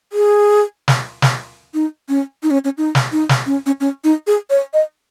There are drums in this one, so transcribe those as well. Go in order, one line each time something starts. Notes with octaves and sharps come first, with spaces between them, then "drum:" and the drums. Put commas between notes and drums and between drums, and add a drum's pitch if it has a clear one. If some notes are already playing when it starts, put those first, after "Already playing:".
G#4
drum: snare
drum: snare
D#4
C#4
D#4
C#4
C#4
D#4
drum: snare
D#4
drum: snare
C#4
C#4
C#4
D#4
G#4
C#5
D#5